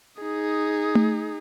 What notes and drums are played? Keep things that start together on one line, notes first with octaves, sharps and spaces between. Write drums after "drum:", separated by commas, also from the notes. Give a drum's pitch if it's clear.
D#4 G#4
drum: tom A3